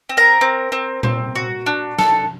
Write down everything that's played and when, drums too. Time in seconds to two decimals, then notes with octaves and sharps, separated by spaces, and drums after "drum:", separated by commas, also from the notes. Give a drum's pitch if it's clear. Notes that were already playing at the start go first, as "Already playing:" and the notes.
0.09 C4
0.17 A#4 A#5
0.41 C4
0.72 C4
1.03 C4, drum: tom A#2
1.35 F#4
1.66 D4
1.98 A4, drum: snare